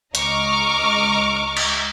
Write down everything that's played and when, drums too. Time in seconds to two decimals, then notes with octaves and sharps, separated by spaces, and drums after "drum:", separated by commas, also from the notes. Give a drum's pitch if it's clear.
0.15 C#2 D#5 A#5 C#6 D6 F6, drum: hi-hat
1.57 drum: cymbal